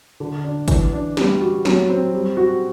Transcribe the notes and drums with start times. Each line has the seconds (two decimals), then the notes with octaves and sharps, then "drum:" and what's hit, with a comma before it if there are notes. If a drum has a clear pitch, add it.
0.20 D3
0.44 D4
0.68 E3, drum: kick, hi-hat
0.93 D4
1.17 G3, drum: snare
1.41 F#4
1.65 F#3, drum: snare
1.89 C4
2.13 G3
2.37 F#4